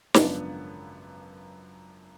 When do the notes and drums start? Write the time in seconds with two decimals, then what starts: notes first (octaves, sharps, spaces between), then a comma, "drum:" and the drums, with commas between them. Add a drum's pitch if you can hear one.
0.14 G#1 F#2 C#3 F3 B3 D4, drum: snare